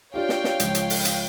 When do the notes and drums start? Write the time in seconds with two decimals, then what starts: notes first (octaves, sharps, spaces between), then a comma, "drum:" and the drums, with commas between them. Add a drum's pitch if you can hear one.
0.14 D4 F4 G4 C#5 F5 G5
0.29 drum: snare
0.44 drum: snare
0.60 C#2 F3, drum: hi-hat
0.75 drum: hi-hat
0.90 drum: open hi-hat
1.05 drum: hi-hat